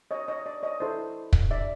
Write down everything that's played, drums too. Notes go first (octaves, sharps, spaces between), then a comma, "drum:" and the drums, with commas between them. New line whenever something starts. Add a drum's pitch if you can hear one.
C#5 D#5
C#5 D#5
D5
C#5 D#5
E4 A4 C5
drum: kick
D5 E5